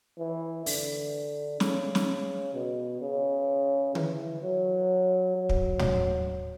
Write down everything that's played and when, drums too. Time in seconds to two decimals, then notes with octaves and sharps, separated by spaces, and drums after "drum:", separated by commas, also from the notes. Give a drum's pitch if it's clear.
0.19 E3
0.66 D3, drum: open hi-hat
1.60 C#3, drum: snare
1.95 drum: snare
2.54 B2
3.01 C#3
3.95 E3, drum: tom D3
4.42 F#3
5.36 F#3
5.49 drum: kick
5.79 drum: tom